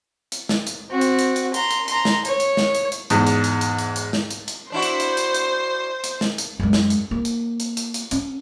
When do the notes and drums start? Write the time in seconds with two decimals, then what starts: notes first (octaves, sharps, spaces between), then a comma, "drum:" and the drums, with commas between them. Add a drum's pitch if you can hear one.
0.32 drum: hi-hat
0.49 drum: snare
0.67 drum: hi-hat
0.90 C4 F#4
1.01 drum: hi-hat
1.19 drum: hi-hat
1.36 drum: hi-hat
1.54 A#5 C6, drum: hi-hat
1.71 drum: hi-hat
1.88 A#5 C6, drum: hi-hat
2.05 drum: snare
2.25 C#5, drum: hi-hat
2.40 drum: hi-hat
2.57 drum: snare
2.75 drum: hi-hat
2.92 drum: hi-hat
3.10 E2 G#2, drum: hi-hat
3.27 drum: hi-hat
3.44 drum: hi-hat
3.61 drum: hi-hat
3.79 drum: hi-hat
3.96 drum: hi-hat
4.13 drum: snare
4.31 drum: hi-hat
4.48 drum: hi-hat
4.72 D4 E4 F#4 C5
4.82 drum: hi-hat
5.00 drum: hi-hat
5.17 drum: hi-hat
5.34 drum: hi-hat
6.04 drum: hi-hat
6.21 drum: snare
6.38 drum: hi-hat
6.60 F#2 G#3
6.73 drum: snare
6.90 drum: hi-hat
7.11 A#3
7.25 drum: hi-hat
7.60 drum: hi-hat
7.77 drum: hi-hat
7.94 drum: hi-hat
8.11 C#4, drum: hi-hat